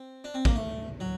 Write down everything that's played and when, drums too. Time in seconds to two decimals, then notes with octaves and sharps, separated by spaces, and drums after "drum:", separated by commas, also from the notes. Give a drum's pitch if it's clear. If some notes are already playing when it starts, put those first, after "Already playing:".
Already playing: C4
0.24 D4
0.34 C4
0.45 A#3, drum: kick A1
0.55 A3
1.00 F#3